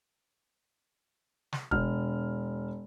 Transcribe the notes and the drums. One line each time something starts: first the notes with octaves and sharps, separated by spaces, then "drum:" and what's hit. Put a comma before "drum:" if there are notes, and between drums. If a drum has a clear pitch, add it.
drum: snare
E1 F6, drum: kick